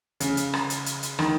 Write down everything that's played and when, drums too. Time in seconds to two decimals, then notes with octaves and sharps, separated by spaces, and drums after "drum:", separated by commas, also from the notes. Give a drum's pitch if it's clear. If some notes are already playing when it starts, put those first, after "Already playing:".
0.20 C#3, drum: hi-hat
0.37 drum: hi-hat
0.53 drum: rim click
0.70 drum: hi-hat
0.86 drum: hi-hat
1.03 drum: hi-hat
1.19 D#3, drum: rim click